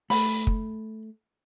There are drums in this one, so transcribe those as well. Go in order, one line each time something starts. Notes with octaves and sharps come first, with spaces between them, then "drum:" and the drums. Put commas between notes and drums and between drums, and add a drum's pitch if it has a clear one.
A3 B5, drum: open hi-hat
drum: kick